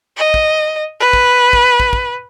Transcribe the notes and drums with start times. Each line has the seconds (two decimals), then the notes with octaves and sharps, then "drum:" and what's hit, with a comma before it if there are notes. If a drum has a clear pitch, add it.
0.18 D#5
0.34 drum: kick
1.00 B4
1.13 drum: kick
1.53 drum: kick
1.80 drum: kick
1.93 drum: kick